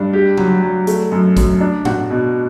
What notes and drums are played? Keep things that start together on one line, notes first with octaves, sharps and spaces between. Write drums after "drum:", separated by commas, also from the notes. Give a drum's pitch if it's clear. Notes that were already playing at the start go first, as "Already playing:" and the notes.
Already playing: G2 D4
G4
F#3, drum: tom C#3
F#3
A3, drum: hi-hat
F#2
F#2, drum: kick, hi-hat
D4
F#4, drum: tom A2
B2